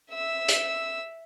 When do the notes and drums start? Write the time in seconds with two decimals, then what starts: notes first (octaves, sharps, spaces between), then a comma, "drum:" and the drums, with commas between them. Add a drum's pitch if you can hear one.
0.12 E5 E6
0.48 drum: hi-hat